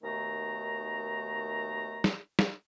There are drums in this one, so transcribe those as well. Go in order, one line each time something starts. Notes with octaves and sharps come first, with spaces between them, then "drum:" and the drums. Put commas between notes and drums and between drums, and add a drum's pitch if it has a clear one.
D#2 B2 D#3 A3 A#5
drum: snare
drum: snare